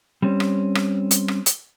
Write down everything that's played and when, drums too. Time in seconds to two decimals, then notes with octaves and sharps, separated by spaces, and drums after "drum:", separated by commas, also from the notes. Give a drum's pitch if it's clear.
0.22 G3 C4 C#4
0.40 drum: rim click
0.75 drum: rim click
1.11 drum: hi-hat
1.28 drum: rim click
1.46 drum: hi-hat